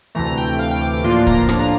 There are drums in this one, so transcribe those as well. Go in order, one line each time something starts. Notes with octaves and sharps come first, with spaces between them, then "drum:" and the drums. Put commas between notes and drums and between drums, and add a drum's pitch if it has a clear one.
D2 C3 E3 A3 A#5
G5
F5
G5
D6
D6
A2 F3 A#3 D4 F4 C6
A#5, drum: kick
drum: rim click
A#5